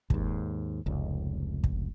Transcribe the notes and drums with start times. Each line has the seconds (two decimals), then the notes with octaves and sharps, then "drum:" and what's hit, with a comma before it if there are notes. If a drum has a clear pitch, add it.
0.10 D#2 G#2, drum: kick
0.86 F1 C#2
1.64 drum: kick